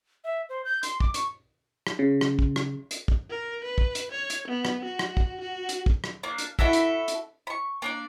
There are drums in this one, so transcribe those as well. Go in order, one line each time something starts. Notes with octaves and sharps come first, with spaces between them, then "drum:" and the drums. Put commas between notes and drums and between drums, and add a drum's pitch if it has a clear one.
E5
C5
G6
C6, drum: hi-hat
D6, drum: kick
C#6, drum: hi-hat
drum: rim click
C#3
drum: rim click
drum: kick
drum: rim click
drum: hi-hat
drum: kick
A#4
B4
drum: kick
drum: hi-hat
C#5
drum: hi-hat
B3
drum: rim click
F#4
drum: rim click
drum: kick
F#4
drum: hi-hat
drum: kick
drum: rim click
A#3 D4
drum: hi-hat
E4 F#4 A4 E5, drum: kick
drum: hi-hat
drum: hi-hat
B5 C#6
A#3 D4 D5